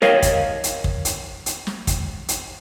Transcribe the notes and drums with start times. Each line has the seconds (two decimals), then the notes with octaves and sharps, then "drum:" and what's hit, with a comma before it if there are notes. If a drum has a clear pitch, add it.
0.02 A#4 C#5 D#5 F5, drum: snare
0.22 drum: kick, hi-hat
0.64 drum: hi-hat
0.84 drum: kick
1.05 drum: hi-hat
1.46 drum: hi-hat
1.67 drum: snare
1.87 drum: kick, hi-hat
2.28 drum: hi-hat